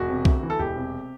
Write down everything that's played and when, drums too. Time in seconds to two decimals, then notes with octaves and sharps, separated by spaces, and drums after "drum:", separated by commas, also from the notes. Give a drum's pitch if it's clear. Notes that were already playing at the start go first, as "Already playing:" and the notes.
Already playing: E1 F#4
0.08 C3
0.25 D2, drum: kick B1
0.43 E3
0.50 A4
0.59 E1 G4
0.76 C3